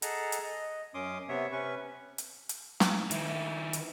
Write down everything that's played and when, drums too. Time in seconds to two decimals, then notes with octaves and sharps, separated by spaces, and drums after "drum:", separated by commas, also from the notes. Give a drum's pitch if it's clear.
0.02 G#4 A4 D#5 F#5 A5 A#5, drum: hi-hat
0.32 drum: hi-hat
0.43 D#5
0.94 F#2 C#4 C6 D6 D#6
1.29 C3 B3 C#5 E5
1.52 C3 C#4 B4 C#6
2.18 drum: hi-hat
2.49 drum: hi-hat
2.80 drum: snare
3.11 D#3 E4, drum: hi-hat
3.73 drum: hi-hat